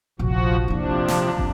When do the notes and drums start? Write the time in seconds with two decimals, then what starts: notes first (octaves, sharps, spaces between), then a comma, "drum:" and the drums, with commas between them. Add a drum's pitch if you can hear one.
0.19 F1 A#1 F3 F#4
0.68 C3 F3 A#3 D4 E4
1.08 drum: snare
1.38 drum: kick